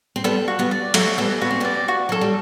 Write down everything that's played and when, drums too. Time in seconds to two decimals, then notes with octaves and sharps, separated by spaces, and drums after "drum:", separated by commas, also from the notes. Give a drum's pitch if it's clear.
0.16 C4
0.24 G3 B3 A4
0.48 F#4
0.59 G3 B3
0.71 D5
0.94 F#3 A3 F#4, drum: cymbal
1.18 G3 B3 A4
1.41 B3 F#4
1.51 C4
1.60 G3 B3 D5
1.88 F#4
2.09 F#3 A4
2.21 G3